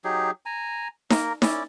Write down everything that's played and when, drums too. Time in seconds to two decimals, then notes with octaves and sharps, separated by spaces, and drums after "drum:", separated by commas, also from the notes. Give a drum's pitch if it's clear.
0.04 F#3 D#4 G4 G#4
0.46 G#5 A#5
1.11 A#3 A#4, drum: snare D#4
1.42 C#4 E4 D5, drum: snare D#4